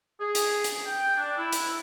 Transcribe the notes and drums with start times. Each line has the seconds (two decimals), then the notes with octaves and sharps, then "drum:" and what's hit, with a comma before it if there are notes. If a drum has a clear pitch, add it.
0.21 G#4
0.35 drum: hi-hat
0.64 drum: hi-hat
0.86 G5
1.17 D4
1.38 E4
1.53 drum: hi-hat